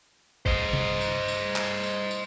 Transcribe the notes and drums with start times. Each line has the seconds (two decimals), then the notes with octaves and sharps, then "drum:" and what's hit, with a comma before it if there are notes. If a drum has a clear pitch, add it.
0.46 C5 D#5, drum: kick
0.73 drum: tom
1.01 drum: tambourine
1.28 drum: tambourine
1.56 drum: clap
1.83 drum: tambourine
2.11 drum: tambourine